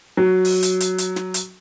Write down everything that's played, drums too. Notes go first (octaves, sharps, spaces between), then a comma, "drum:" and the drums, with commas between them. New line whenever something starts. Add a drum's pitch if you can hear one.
F#3
drum: open hi-hat
drum: hi-hat
drum: hi-hat
drum: hi-hat
drum: snare
drum: hi-hat